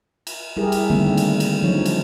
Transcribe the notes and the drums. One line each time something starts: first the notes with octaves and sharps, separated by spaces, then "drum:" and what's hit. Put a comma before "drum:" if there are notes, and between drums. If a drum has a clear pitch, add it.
drum: cymbal
G3 E4 G4 G#4 A#4
drum: cymbal
D3 D#3 G3 A3 A#3 C4
drum: cymbal
drum: cymbal
F3 F#3 D4 D#4 C#5
drum: cymbal